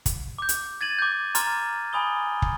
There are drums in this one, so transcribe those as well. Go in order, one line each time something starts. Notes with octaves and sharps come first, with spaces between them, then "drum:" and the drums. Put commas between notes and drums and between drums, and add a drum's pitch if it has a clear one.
drum: kick, hi-hat
D6 G6
drum: hi-hat
G#6 A6 D#7 F#7
D6 G6
A#5 C6 D6 F6 A6, drum: hi-hat
G#5 B5 D#6 G7
drum: kick